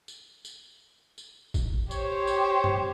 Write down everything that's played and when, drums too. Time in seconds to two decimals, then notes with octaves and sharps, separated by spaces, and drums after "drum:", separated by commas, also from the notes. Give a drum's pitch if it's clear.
0.08 drum: tambourine
0.45 drum: tambourine
1.18 drum: tambourine
1.54 drum: kick, tambourine
1.91 G4 C5 C#5, drum: tambourine
2.27 drum: tambourine
2.64 drum: tom G2